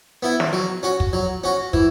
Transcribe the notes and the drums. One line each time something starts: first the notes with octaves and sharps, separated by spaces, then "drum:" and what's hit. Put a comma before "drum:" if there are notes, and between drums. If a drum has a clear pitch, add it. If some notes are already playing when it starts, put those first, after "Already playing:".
B3 E4
drum: snare
F#3
C#4 F#4
drum: kick
F#3
C#4 F#4
E3, drum: kick